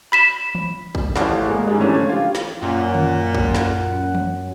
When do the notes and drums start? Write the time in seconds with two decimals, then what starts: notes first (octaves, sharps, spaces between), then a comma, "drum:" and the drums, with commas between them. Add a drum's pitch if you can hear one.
0.12 B5 B6 E7
0.55 drum: tom
0.95 drum: kick
1.16 A1 F3 E4 A4 F5 F#5, drum: snare
1.46 G#3 A#3
1.67 G#2 G3 G#3
1.79 E3 A3 C#4 D4
1.95 F3 G#6
2.09 F4 G4
2.35 drum: snare
2.62 F#2 A#2 F#5
2.95 drum: tom D3
3.35 drum: kick
3.55 drum: snare
4.15 drum: tom